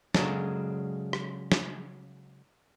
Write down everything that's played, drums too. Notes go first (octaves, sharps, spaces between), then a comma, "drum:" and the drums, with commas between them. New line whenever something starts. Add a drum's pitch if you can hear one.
C#3 F#3 G#3 C#4 D4 A4, drum: snare
drum: rim click
drum: snare